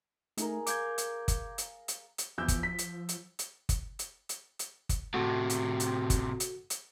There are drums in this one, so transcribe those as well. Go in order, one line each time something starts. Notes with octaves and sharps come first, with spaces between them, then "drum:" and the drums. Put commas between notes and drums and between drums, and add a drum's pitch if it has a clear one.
A3 D#4 G#4 A#4, drum: hi-hat
F5 D6 G6 G#6, drum: hi-hat
drum: hi-hat
drum: kick, hi-hat
drum: hi-hat
drum: hi-hat
drum: hi-hat
E2 F3 E6 G6
drum: kick, hi-hat
B6
drum: hi-hat
drum: hi-hat
drum: hi-hat
drum: kick, hi-hat
drum: hi-hat
drum: hi-hat
drum: hi-hat
drum: kick, hi-hat
A2 C3 F#4 A4
drum: hi-hat
drum: hi-hat
drum: kick, hi-hat
drum: hi-hat
drum: hi-hat